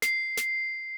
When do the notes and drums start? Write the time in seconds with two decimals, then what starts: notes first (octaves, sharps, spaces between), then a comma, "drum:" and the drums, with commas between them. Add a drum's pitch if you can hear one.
0.02 C7, drum: snare
0.37 drum: snare